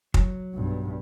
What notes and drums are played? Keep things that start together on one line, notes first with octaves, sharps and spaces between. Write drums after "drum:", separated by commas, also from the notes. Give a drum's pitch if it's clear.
F#3, drum: kick
B1 G2